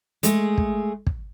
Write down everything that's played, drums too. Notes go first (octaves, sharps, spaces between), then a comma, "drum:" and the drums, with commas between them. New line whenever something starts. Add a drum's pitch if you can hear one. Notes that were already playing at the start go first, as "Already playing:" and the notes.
G#3 A3 G#4, drum: hi-hat
drum: kick
drum: kick